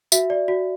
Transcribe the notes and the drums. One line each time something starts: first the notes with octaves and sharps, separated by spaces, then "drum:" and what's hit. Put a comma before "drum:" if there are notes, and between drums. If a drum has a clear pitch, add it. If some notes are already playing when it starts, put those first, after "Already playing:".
F#4 E5, drum: tambourine
D5
F#4